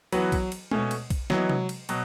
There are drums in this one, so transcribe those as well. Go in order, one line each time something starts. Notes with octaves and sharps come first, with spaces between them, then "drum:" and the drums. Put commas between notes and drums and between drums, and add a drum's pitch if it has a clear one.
E3 F#3 B3 F#4 B4, drum: cymbal
drum: kick, cymbal
drum: cymbal
B2 A3 C#4, drum: tom G#3
drum: cymbal
drum: kick, cymbal
E3 F#3 B3 D#4, drum: snare
drum: tom C3
drum: cymbal
B2 F#3, drum: cymbal